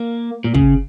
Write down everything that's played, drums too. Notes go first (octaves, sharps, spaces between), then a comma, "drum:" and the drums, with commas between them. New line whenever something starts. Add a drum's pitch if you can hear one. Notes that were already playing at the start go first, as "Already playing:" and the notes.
Already playing: A#3
A#2
C#3, drum: kick